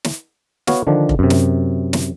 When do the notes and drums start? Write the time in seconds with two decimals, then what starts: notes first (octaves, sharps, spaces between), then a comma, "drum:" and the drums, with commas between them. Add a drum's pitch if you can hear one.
0.04 drum: snare
0.67 B3 F#4 C#5 F5, drum: snare
0.87 D3 D#3 F3 D4
1.09 drum: kick F1
1.19 F#2 C3
1.30 drum: snare
1.93 drum: snare